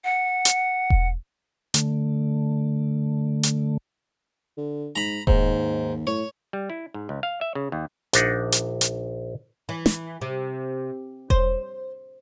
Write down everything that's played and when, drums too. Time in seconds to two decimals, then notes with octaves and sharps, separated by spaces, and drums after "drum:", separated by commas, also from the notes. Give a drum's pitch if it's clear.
0.04 F#5
0.45 drum: hi-hat
0.90 drum: kick E1
1.74 D3 A3, drum: hi-hat
3.43 drum: hi-hat
4.57 D3
4.96 G#2 A#5 B5
5.27 D#2 G#2, drum: kick E1
6.07 A2 C#5
6.53 G3
6.70 E4
6.94 G#2
7.09 C#2
7.23 F5
7.41 E5
7.55 C#3
7.72 D#2
8.13 A#1 D4 D#4 F#5, drum: hi-hat
8.52 drum: hi-hat
8.81 drum: hi-hat
9.69 E3
9.86 drum: snare
10.21 C3
11.30 C5, drum: kick E1